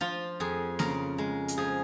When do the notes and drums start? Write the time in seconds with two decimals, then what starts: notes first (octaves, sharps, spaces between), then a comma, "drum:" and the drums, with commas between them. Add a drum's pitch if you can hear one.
0.01 F3 F4
0.40 F2 G#4
0.79 C#3 A#4, drum: snare A#3
1.18 G#3
1.48 drum: hi-hat
1.57 F3 G#4